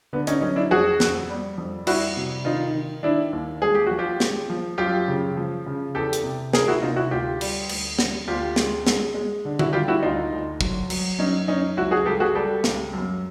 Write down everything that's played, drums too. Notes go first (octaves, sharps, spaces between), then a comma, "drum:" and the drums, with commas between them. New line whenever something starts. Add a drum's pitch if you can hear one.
D3 B3
C#4 D#4, drum: hi-hat
F#3 C#4 D#4
D4 E4
F2 F#4 G#4
F2, drum: snare
G3
F2
G3 E4 F#4, drum: cymbal
C3
D#3 D#4 F4
D#3
D#3 D4 E4
D#2
G#3 G#4
G4
F3 F#4
F4 G4
G#3, drum: snare
F3
F#2 F4 G4
C#3
F3
C#3
E2 G4 A4
drum: hi-hat
C3
E3 G#4 A#4, drum: snare
E4 F#4
C3 D#4 F4
E4 F#4
D2 F4 G4
G3, drum: cymbal
D2, drum: cymbal
G3, drum: snare
D2 F4 G4
G#3, drum: snare
G#3, drum: snare
G#3
D3
E4 F#4, drum: tom D3
G3 F4 G4
E4 F#4
D2 D#4 F4
D2
F#3, drum: kick
F#3, drum: cymbal
F#2 C#4 D#4
F#2 C#4 D#4
C#2 E4 F#4
F#4 G#4
C#2 G4 A4
F#4 G#4
G3 G4 A4
C#2, drum: snare
F#2